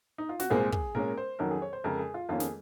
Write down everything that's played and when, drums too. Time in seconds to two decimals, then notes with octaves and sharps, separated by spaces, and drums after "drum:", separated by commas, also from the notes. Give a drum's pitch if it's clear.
0.18 D#4
0.29 F4
0.40 F#4, drum: snare
0.50 C2 A#2 G#3 C4 G#4
0.72 G#4, drum: kick
0.95 A#2 G#3 C#4 A#4
1.18 C5
1.39 F2 D#3 F#3 C#4 A#4
1.51 G#4
1.62 C#5
1.73 C5
1.84 F2 C#3 G#3 A#4
1.99 G#4
2.14 F4
2.29 F2 D#3 A#3 C#4 F4
2.40 G#4, drum: snare